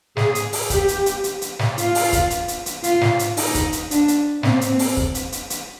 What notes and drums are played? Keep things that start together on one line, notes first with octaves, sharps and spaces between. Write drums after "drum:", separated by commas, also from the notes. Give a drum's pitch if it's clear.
G#4, drum: snare
drum: hi-hat
drum: open hi-hat
G4, drum: kick, hi-hat
drum: hi-hat
drum: hi-hat
drum: hi-hat
drum: hi-hat
drum: snare
F4, drum: hi-hat
drum: open hi-hat
drum: kick, hi-hat
drum: hi-hat
drum: hi-hat
drum: hi-hat
F4, drum: hi-hat
drum: snare
drum: hi-hat
D#4, drum: open hi-hat
drum: kick, hi-hat
drum: hi-hat
D4, drum: hi-hat
drum: hi-hat
C4, drum: snare
drum: hi-hat
drum: open hi-hat
drum: kick
drum: hi-hat
drum: hi-hat
drum: hi-hat